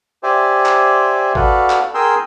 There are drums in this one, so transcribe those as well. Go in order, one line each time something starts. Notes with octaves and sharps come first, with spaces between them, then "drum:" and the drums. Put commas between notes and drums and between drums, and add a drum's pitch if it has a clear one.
G4 C5 D5 E5 G#5
drum: clap
F#4 A4 B4 D5 F5, drum: kick
drum: clap
G#4 A#4 G5 G#5 C6 E6